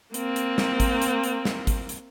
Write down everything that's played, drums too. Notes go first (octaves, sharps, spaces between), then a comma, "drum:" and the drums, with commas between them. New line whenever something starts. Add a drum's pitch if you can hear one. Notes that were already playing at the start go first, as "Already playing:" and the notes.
A#3 C4, drum: hi-hat
drum: hi-hat
drum: snare
drum: kick G#1, hi-hat
drum: hi-hat
drum: hi-hat
drum: snare
drum: kick G#1, hi-hat
drum: hi-hat